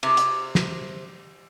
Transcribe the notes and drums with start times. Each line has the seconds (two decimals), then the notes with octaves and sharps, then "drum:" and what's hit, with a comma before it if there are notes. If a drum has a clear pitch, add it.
0.03 C3, drum: cymbal
0.17 drum: hi-hat
0.55 drum: snare